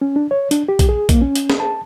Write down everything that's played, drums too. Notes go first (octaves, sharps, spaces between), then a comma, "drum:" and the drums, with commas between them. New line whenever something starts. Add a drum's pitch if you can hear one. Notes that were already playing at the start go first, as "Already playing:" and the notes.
C#4
D4
C#5
D4, drum: hi-hat
G4
drum: kick A#1, hi-hat
G#4
A#3, drum: kick A#1, hi-hat
C#4
drum: hi-hat
drum: snare
A5